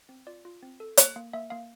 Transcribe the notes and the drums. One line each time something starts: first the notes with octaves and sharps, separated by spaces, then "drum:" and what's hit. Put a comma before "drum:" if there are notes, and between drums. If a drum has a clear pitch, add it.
C4
F4 D5
F4
C4
A4
A#3, drum: hi-hat
A#3
A#3 E5
A#3 F5